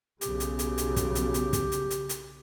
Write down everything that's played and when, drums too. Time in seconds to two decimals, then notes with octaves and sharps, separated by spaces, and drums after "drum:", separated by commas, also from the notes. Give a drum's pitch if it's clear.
0.21 B1 C#3 G4, drum: hi-hat
0.40 drum: hi-hat
0.59 drum: hi-hat
0.78 drum: hi-hat
0.96 drum: kick, hi-hat
1.15 drum: hi-hat
1.34 drum: hi-hat
1.53 drum: kick, hi-hat
1.72 drum: hi-hat
1.90 drum: hi-hat
2.09 drum: hi-hat